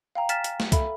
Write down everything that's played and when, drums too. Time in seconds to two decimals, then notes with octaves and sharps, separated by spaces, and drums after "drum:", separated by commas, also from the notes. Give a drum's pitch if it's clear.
0.15 F5 G5 A#5
0.29 G#5 F6 A6 B6 E7, drum: hi-hat
0.44 drum: hi-hat
0.60 drum: snare
0.72 A4 E5 B5, drum: kick C2, hi-hat